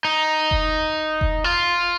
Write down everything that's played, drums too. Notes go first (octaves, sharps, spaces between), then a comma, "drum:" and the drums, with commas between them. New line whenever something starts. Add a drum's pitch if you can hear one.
D#4
drum: kick F1
drum: kick F1
F4